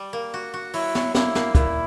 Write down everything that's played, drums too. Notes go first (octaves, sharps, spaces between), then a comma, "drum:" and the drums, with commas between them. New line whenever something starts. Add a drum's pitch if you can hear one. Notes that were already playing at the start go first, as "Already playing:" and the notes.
Already playing: G3
A#3
F#4
F#4
F#3 E4, drum: open hi-hat
F#3, drum: snare
A#3 E4, drum: snare
A#3, drum: snare
A#2 E4, drum: kick, hi-hat